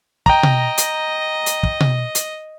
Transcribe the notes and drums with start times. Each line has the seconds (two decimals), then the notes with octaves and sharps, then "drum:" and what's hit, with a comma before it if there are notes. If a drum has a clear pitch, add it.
0.26 D#5 G5 A#5, drum: kick
0.43 drum: tom B2
0.78 drum: hi-hat
1.46 drum: hi-hat
1.63 drum: kick
1.80 drum: tom B2
2.15 drum: hi-hat